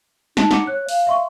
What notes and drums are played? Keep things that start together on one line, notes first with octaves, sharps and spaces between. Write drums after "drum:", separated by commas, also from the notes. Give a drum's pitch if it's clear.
D#4 A5, drum: snare
F#5 D6 C#7, drum: snare
C#5 F#6
F5, drum: open hi-hat
E5 C6 C#6